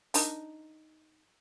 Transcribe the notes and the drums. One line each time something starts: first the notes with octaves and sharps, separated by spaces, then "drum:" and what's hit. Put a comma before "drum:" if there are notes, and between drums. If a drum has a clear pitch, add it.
D4 D#4 A#4, drum: open hi-hat